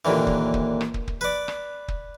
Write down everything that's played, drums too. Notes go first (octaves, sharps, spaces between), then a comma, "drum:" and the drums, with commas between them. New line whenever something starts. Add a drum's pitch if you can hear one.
D#2 A#2 D3 E3
drum: kick
drum: kick
drum: rim click
drum: kick
drum: kick
B4 D5
drum: rim click
drum: kick